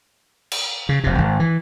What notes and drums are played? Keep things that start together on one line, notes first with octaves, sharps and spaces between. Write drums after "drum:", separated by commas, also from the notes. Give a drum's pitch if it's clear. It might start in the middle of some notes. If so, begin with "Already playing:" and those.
drum: cymbal
C#3
F1 C3
G#1
E3